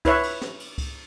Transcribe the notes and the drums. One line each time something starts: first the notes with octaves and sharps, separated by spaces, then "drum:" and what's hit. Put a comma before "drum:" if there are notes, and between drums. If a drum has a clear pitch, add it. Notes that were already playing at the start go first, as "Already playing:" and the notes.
E4 B4 C#5 E5, drum: kick C#2, cymbal
drum: cymbal
drum: snare
drum: cymbal
drum: kick C#2, cymbal